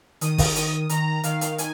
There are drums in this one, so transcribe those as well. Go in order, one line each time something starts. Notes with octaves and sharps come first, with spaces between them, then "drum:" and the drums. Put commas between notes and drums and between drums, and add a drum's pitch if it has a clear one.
D#3 D#6, drum: hi-hat
drum: kick, open hi-hat
D#3 D#6, drum: hi-hat
D#3 A#5, drum: hi-hat
D#3 F5, drum: hi-hat
drum: hi-hat
G#5, drum: hi-hat